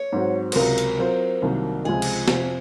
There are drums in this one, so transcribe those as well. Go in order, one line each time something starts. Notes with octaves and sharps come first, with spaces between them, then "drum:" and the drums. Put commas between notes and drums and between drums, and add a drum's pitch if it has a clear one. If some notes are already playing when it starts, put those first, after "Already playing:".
Already playing: C#5
G#2 F#3 C4 F#4
C5, drum: cymbal
C#2 C3 F#3 A#4
drum: hi-hat
F#3 C4 F4 C5
C2 C3 D#3 F#3 A#3
C#2 C3 F3 G#3 G#4
drum: cymbal
F2 C3 F3 C4 F4, drum: snare